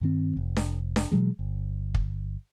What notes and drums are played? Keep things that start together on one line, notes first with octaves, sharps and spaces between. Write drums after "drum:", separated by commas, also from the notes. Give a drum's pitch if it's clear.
G2 D#3 C4
F1
drum: snare D4
drum: snare D4
B2 E3 F#3 G#3
G1
drum: kick